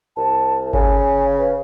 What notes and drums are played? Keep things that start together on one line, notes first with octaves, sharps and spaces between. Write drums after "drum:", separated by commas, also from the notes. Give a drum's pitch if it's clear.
C2 A5
C#3 G#5, drum: kick G1
B4